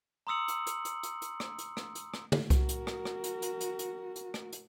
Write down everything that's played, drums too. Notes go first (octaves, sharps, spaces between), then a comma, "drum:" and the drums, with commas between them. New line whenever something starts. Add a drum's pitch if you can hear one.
A#5 C6 D#6 E6 C#7 F#7
drum: hi-hat
drum: hi-hat
drum: hi-hat
drum: hi-hat
drum: hi-hat
drum: rim click
drum: hi-hat
drum: rim click
drum: hi-hat
drum: rim click
drum: tom
F#4 A#4, drum: kick C2, hi-hat
drum: hi-hat
drum: rim click
drum: rim click
drum: hi-hat
drum: hi-hat
drum: hi-hat
drum: hi-hat
drum: hi-hat
drum: rim click
drum: hi-hat